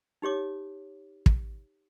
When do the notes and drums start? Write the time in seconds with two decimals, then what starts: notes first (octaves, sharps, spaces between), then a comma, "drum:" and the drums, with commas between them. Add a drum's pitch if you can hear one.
0.22 D#4 G4 C#5 D6
1.26 drum: kick